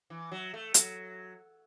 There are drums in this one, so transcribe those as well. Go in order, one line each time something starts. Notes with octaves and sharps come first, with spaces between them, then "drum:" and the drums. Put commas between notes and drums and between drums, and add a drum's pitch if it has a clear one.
E3
F#3
A3
F#3, drum: hi-hat